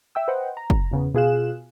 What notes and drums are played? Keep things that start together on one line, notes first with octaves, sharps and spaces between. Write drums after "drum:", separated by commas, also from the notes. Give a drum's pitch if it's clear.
E5 G5 E6
B4 C5 D#5 F#5 G5
A#5
drum: kick
E2 C#3 B3
B2 F4 G#4 F5 F#6 E7